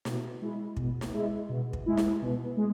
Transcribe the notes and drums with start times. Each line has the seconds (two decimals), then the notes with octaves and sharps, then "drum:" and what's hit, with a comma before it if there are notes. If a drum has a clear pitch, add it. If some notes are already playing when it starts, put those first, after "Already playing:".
0.05 B2, drum: snare
0.42 G#3 E4
0.77 B2, drum: kick
1.01 drum: snare
1.13 G#3 E4
1.49 B2
1.73 drum: kick
1.86 G#3 E4
1.97 drum: snare
2.22 B2
2.57 G#3